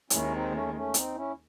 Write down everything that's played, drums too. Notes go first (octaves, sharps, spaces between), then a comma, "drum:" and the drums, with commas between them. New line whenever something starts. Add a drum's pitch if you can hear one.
D#2 D#3 G#3 C#4 E4, drum: hi-hat
C4 D#4
A3 C#4
A3 C#4
C4 D#4, drum: hi-hat
C#4 E4